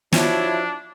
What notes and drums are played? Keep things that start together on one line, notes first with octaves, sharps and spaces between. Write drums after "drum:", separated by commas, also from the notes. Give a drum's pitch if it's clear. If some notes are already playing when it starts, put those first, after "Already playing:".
F3 D4 E4 F#4 C#5, drum: snare